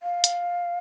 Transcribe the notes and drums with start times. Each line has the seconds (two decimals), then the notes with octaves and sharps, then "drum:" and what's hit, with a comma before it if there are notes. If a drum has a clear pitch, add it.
0.03 F5
0.24 drum: hi-hat